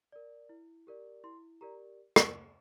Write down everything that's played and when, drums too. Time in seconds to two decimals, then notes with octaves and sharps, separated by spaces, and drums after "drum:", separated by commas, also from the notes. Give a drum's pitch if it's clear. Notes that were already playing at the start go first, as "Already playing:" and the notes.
0.12 A#4 D5
0.49 E4
0.87 G4 A#4 D5
1.24 E4 C6
1.61 G4 A#4 D5 A#5
2.16 drum: rim click